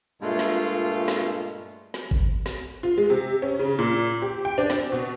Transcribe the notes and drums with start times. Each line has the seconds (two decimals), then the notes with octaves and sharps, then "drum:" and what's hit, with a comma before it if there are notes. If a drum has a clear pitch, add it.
0.22 G2 A#2 G#3 A3 F4
0.39 drum: snare
1.08 drum: snare
1.94 drum: snare
2.11 drum: kick G1
2.46 drum: snare
2.83 F4
2.98 G#3
3.10 C3
3.42 C#4
3.59 C#3
3.79 A#2
4.22 G4
4.45 G5
4.58 D4
4.70 C4, drum: snare
4.92 B2